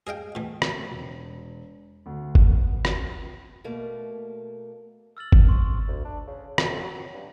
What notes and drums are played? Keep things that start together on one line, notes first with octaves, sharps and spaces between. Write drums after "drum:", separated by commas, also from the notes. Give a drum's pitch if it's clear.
G#4 D#5 F5 G5
A2 E3
drum: rim click
E1
D2
drum: kick G1
B3
drum: rim click
B2 A3 A#3
E6 F6 A6 F#7
drum: kick G1
C6 C#6
D2
D4
C#3
F2, drum: rim click
F#3
G2